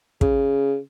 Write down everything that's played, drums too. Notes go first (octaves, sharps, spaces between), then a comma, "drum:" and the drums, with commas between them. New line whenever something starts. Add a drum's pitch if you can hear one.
C#3, drum: kick